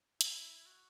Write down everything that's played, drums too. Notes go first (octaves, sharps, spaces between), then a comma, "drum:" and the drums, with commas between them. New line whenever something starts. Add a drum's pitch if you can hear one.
E4, drum: hi-hat
E4
F#4